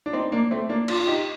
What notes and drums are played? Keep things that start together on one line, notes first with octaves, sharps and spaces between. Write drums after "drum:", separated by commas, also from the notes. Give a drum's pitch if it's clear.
D4
C4 D#4
A#3 D4
A3 C4
A#3 D4
D4 F4, drum: cymbal
F4
D#4 G4